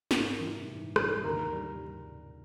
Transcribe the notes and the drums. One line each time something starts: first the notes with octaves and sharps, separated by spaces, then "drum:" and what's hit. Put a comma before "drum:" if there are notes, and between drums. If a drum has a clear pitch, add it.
G#2 A#4, drum: snare
A#4
E3 G3
G#2
E3 G3, drum: rim click
D#2 A#4
G3